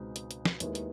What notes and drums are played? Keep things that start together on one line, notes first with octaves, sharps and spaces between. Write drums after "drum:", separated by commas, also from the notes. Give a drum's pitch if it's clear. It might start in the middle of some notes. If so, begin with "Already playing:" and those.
Already playing: C#2 B2 G#3 C4 D#4
drum: hi-hat
drum: hi-hat
drum: snare
D#2 D#3 G#3 B3 E4, drum: hi-hat
drum: hi-hat